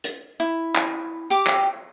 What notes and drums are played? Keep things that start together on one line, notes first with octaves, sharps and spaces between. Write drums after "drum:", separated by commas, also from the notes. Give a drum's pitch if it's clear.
drum: hi-hat
E4
drum: clap
G4 G5 D6
drum: clap